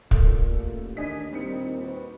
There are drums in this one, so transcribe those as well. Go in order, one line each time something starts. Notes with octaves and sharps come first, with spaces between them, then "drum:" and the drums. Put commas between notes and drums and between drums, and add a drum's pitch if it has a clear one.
A#2 A3, drum: kick
A1
D#2 D4 D#5 G#5 B6
D#2 A#2 G3 C4 D#4 C#7
F#4 B4 C5